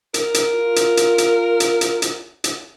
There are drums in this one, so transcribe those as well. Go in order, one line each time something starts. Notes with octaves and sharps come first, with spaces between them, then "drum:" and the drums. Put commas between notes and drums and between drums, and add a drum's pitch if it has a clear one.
A#4, drum: hi-hat
drum: hi-hat
F4
drum: hi-hat
drum: hi-hat
drum: hi-hat
drum: hi-hat
drum: hi-hat
drum: hi-hat
drum: hi-hat